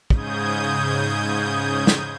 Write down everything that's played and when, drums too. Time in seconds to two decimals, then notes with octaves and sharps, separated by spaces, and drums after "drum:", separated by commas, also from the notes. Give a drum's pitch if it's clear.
0.10 G#2 C#3 D#6 G6 G#6, drum: kick
1.87 drum: snare